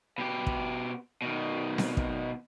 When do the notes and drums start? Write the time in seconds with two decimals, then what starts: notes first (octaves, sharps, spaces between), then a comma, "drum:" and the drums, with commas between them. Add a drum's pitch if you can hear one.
0.18 B2 G4
0.47 drum: kick
1.22 B2 D#3
1.78 drum: snare C4
1.97 drum: kick